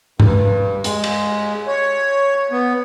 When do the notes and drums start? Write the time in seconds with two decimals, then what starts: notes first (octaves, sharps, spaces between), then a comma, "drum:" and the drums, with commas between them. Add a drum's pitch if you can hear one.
0.20 G2, drum: tom G2
0.84 G#3, drum: hi-hat
1.04 drum: cymbal
1.67 C#5
2.51 B3